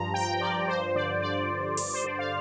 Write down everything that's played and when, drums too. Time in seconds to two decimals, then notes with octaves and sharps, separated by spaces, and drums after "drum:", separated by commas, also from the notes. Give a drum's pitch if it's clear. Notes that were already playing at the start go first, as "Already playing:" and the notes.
Already playing: G2 F3 A#5
0.14 G2 G5
0.41 F3 D5
0.68 G2 C5
0.96 D3 D5
1.22 F3 D5
1.50 G2
1.77 G2, drum: open hi-hat
1.94 C5
2.04 D3 D5
2.19 F5